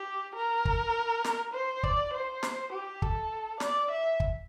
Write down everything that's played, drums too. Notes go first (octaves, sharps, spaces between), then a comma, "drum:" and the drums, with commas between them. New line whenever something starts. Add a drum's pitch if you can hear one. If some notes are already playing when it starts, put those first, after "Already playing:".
Already playing: G4
A#4
drum: kick
drum: snare
C5
D5, drum: kick
C5
drum: snare
G4
A4, drum: kick
D5, drum: snare
E5
drum: kick